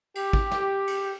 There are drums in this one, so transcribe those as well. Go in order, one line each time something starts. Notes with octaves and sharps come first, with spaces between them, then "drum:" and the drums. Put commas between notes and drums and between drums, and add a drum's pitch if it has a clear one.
G4, drum: cymbal
drum: kick
drum: snare
drum: cymbal